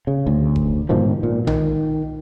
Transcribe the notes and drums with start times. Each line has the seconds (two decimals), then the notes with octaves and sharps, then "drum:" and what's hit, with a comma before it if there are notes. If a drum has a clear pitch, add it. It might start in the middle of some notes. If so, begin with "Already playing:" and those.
0.07 C#3
0.26 D2
0.56 drum: kick F1
0.89 G#2 B2 D#3 F3
1.23 A#2
1.47 D#3, drum: tom B1